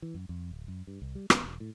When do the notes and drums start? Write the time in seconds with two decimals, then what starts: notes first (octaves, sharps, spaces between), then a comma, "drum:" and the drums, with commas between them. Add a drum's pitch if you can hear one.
0.02 E3
0.14 F#2
0.29 F2
0.51 D1
0.68 F#2
0.87 G2
1.02 C2
1.15 G3
1.30 B3, drum: rim click
1.44 E1
1.60 A2